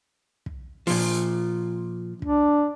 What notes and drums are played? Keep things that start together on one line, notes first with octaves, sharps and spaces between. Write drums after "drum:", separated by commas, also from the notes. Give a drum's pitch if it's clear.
drum: kick
A#2 F3, drum: open hi-hat
D4, drum: kick